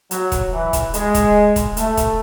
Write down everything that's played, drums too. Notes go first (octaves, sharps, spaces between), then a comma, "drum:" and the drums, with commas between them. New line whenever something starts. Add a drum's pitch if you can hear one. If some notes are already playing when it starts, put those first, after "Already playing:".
F#3, drum: hi-hat
drum: kick E1, hi-hat
E3
drum: kick E1, hi-hat
G#3, drum: hi-hat
drum: kick E1, hi-hat
drum: kick E1, hi-hat
A3, drum: hi-hat
drum: kick E1, hi-hat